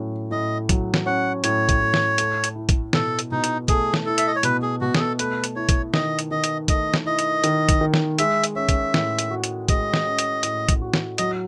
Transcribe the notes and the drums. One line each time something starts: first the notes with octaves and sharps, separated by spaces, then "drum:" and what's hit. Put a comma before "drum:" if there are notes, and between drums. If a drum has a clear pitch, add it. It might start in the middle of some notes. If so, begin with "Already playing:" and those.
Already playing: A2 F#3 C#4
A2 D#5
F#3, drum: kick, hi-hat
drum: snare
C#4 F#5
A2 C#5, drum: hi-hat
drum: kick, hi-hat
A2
drum: snare
A3, drum: hi-hat
drum: hi-hat
E4
drum: kick, hi-hat
B2 A4, drum: snare
drum: hi-hat
B2 D#4
drum: hi-hat
A3 G#4, drum: kick, hi-hat
drum: snare
E4 A4
E5, drum: hi-hat
D#5
C#5
B2 B4, drum: hi-hat
G#4
B2 F#4
G#4, drum: snare
A4
A3 B4, drum: hi-hat
drum: hi-hat
E4 C#5
drum: kick, hi-hat
D#3 D#5, drum: snare
drum: hi-hat
D#3 D#5
drum: hi-hat
A3 D#5, drum: kick, hi-hat
drum: snare
E4 D#5
drum: hi-hat
D#3, drum: hi-hat
drum: kick, hi-hat
D#3
drum: snare
G#3 E5, drum: hi-hat
drum: hi-hat
C#4 E5
drum: kick, hi-hat
A2, drum: snare
drum: hi-hat
F#4
drum: hi-hat
G#3 D#5, drum: kick, hi-hat
drum: snare
C#4
drum: hi-hat
A2, drum: hi-hat
drum: kick, hi-hat
F#4
drum: snare
F#3 D#5, drum: hi-hat